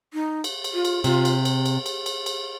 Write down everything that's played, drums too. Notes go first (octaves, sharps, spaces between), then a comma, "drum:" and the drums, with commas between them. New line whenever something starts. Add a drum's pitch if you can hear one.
D#4
drum: cymbal
drum: cymbal
F4
drum: cymbal
C3 F4, drum: cymbal
drum: cymbal
drum: cymbal
drum: cymbal
drum: cymbal
drum: cymbal
drum: cymbal